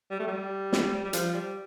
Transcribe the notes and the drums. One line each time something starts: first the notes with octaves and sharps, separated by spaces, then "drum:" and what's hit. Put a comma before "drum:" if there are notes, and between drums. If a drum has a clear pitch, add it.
G3
A3
G3
drum: snare
G3
F3, drum: hi-hat
G3